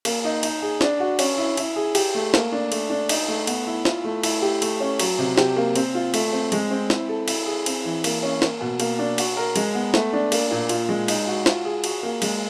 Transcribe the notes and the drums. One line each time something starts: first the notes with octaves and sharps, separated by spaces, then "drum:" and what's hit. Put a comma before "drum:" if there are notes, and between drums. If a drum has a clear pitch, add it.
A#3, drum: cymbal
D#4
D#4, drum: cymbal
G#4
D4, drum: snare
F#4
C#4, drum: cymbal
E4
E4, drum: cymbal
G#4
G4, drum: cymbal
A3
A#3, drum: snare
D4
A3, drum: cymbal
D4
D#4, drum: cymbal
A3
B3, drum: cymbal
E4
F4, drum: snare
A3
E4, drum: cymbal
G4
A3, drum: cymbal
C#4
F#3, drum: cymbal
C3
G4, drum: snare
A#3
C4, drum: cymbal
F4
A3, drum: cymbal
C4
G#3, drum: cymbal
C4
E4, drum: snare
A4
E4, drum: cymbal
G#4
C4, drum: cymbal
E3
A#3, drum: cymbal
C#4
A#3, drum: snare
B2
A#3, drum: cymbal
D4
F#4, drum: cymbal
A#4
G#3, drum: cymbal
B3
A3, drum: snare
D4
A#3, drum: cymbal
A#2
F4, drum: cymbal
G#3
D#4, drum: cymbal
F#4
F4, drum: snare
G#4
F#4, drum: cymbal
A#3
G#3, drum: cymbal